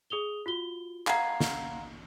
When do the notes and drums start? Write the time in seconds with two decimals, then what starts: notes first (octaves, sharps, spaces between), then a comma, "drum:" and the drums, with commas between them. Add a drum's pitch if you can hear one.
0.10 G#4 D#6 F7 G7
0.46 F4 F#4 G7
1.07 F5 F#5 A#5 G#6 C7, drum: clap
1.40 drum: snare